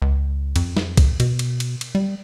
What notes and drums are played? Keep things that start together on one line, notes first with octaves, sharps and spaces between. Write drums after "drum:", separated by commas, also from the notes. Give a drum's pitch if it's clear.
C#2
F2, drum: cymbal
drum: snare
drum: kick B1, cymbal
B2, drum: cymbal
drum: cymbal
drum: cymbal
drum: cymbal
G3